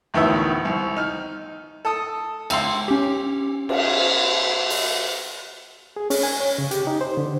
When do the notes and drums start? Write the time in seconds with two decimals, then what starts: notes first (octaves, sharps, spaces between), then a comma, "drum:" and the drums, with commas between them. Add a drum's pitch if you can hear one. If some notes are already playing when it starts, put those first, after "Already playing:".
0.14 A1 D2 D#3 B3 E4 E5
0.65 C2
0.96 D#4 F6
1.85 A4 A5 D#6
2.50 C#2 E5 C6, drum: cymbal
2.88 C#4 G4
3.69 drum: cymbal
4.70 drum: open hi-hat
5.96 G#4
6.10 C#4, drum: open hi-hat
6.23 G#5
6.40 C#5
6.58 C#3
6.71 G4, drum: hi-hat
6.87 D#4
7.01 C5
7.17 D3